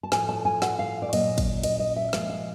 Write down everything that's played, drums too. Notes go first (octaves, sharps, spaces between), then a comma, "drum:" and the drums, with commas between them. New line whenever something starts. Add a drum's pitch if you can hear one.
A5
A2 F3 A3 G#5, drum: snare
A5
G#5
F#5, drum: snare
F5
D5
A#2 F#3 A#3 C#4 D#5, drum: cymbal
drum: kick, cymbal
D#5, drum: cymbal
D#5
E5
A#2 F3 G#3 F5, drum: snare
F5